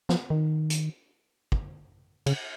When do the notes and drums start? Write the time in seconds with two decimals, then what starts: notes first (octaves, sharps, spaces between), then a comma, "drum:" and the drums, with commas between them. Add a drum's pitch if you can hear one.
0.09 F3, drum: snare
0.30 D#3
0.70 drum: hi-hat
1.52 drum: kick
2.26 C#3, drum: cymbal